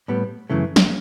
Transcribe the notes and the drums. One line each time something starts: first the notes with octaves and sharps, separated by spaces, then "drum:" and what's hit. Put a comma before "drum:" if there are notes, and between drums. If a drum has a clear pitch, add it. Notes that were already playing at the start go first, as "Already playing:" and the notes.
A2 G3 B3
F#2 C#3 E3 A3
drum: snare